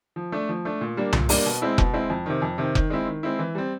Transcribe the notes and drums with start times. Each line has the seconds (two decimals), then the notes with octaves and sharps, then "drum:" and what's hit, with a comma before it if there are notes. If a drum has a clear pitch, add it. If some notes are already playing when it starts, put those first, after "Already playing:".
0.16 F3
0.32 A3 D4
0.49 F3
0.65 A3 D4
0.81 A#2
0.97 G3 A#3 D4
1.13 A#2, drum: tom C2
1.29 G3 A#3 D4, drum: open hi-hat
1.46 B2
1.62 G#3 C4 E4
1.78 B2, drum: kick F1
1.93 G#3 C4 E4
2.10 F2
2.26 C3 D#3
2.42 F2
2.58 C3 D#3
2.75 D#3, drum: kick F1
2.90 G#3 C4 E4
3.06 D#3
3.23 G#3 C4 E4
3.39 E3
3.55 G3 C4